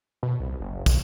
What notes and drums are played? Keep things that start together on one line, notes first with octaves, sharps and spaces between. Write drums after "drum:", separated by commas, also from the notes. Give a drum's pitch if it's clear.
B2
C2
F#1
B1, drum: kick, tambourine